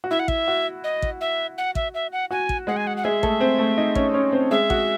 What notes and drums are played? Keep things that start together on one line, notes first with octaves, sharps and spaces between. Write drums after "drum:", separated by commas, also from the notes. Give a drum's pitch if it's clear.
F#4
E4 E5
F#5
E5, drum: kick
F#4
D#5
drum: kick
E5
F#5
E5, drum: kick
E5
F#5
F#4 G#5
drum: kick
G#3 G#4 F#5
G#5
F#5
F#5
G#3 G#4 E5
A3 A4, drum: kick
C4 C5
A3 A4
D#4 D#5
C#4 C#5, drum: kick
C#4 C#5
C4 C5
G#3 G#4 E5
F#4, drum: kick